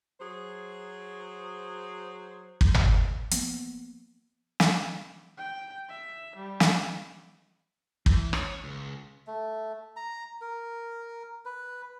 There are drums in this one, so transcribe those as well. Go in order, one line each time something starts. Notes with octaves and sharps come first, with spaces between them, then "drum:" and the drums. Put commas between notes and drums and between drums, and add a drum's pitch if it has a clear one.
F#3 G#4 C5
drum: kick
drum: tom G#1
F3 A#3 B3, drum: hi-hat
drum: snare
G5
E5
G3
drum: snare
E3, drum: kick
C#5, drum: rim click
C#2
A3
A#5
A#4
B4